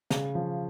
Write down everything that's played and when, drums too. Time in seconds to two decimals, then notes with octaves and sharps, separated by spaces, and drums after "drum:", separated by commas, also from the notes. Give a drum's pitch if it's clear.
0.10 C#3, drum: snare
0.35 F3